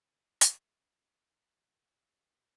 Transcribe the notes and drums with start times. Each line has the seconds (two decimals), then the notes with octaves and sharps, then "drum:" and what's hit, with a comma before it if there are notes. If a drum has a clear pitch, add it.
0.03 B4 D5
0.41 drum: hi-hat
1.33 D#3